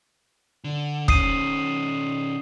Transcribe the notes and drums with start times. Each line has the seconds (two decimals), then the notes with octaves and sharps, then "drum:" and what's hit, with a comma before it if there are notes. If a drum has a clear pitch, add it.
0.64 D3
1.08 D#3 C#4 D#6 C7 D#7, drum: kick